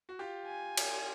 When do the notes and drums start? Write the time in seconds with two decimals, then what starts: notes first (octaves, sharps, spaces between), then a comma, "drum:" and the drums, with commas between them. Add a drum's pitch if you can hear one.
0.09 F#4
0.19 F4 G4
0.47 G#5
0.77 drum: cymbal